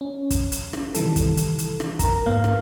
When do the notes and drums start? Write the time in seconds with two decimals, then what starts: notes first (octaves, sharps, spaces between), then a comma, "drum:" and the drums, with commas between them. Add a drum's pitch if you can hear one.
0.01 C#4
0.30 drum: kick, hi-hat
0.52 drum: hi-hat
0.73 drum: rim click
0.94 C3 D#3 E3 G3 A4, drum: hi-hat
1.16 drum: kick, hi-hat
1.37 drum: hi-hat
1.58 drum: hi-hat
1.80 drum: rim click
1.99 A#4 A#5, drum: kick, hi-hat
2.26 G#2 A#3 B3 F5
2.44 drum: rim click